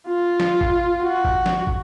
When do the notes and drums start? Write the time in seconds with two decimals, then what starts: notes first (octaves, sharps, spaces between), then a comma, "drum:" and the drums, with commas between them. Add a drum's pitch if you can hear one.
0.08 F4
0.40 drum: snare
0.61 drum: kick
1.03 F#4
1.25 drum: kick
1.46 drum: snare
1.67 drum: kick